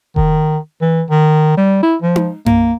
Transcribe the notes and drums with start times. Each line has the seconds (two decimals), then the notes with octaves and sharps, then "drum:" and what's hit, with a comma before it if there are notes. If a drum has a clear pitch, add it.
0.16 D#3, drum: kick F1
0.81 E3
1.10 D#3
1.57 G3
1.83 E4
2.02 F3
2.16 drum: tom D#4
2.46 A#3, drum: tom F#2